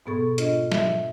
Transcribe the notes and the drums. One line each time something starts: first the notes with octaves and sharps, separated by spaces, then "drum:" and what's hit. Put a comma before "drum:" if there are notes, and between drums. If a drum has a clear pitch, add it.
G#2 B2 B3 G#4 A4 C#6
D4 F4 D#5, drum: hi-hat
E5, drum: snare